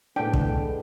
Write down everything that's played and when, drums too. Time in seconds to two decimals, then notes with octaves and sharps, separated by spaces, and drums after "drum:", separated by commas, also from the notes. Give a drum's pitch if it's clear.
0.16 A2 G#3 B3 D4 A4 G5
0.34 drum: kick